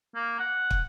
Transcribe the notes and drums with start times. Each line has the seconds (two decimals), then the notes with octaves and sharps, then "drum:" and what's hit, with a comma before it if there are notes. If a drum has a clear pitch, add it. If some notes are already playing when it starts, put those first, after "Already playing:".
0.15 A#3
0.39 F#5
0.71 drum: kick